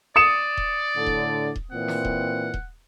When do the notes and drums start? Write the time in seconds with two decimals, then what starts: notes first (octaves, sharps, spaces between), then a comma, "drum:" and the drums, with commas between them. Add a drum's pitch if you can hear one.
0.16 D5 D#6 C#7 E7
0.57 drum: kick D#1
0.97 A2 D3
1.06 drum: kick D#1
1.56 drum: kick D#1
1.72 A#2 E3 C4 F#5
1.88 drum: snare
2.05 drum: kick D#1
2.54 drum: kick D#1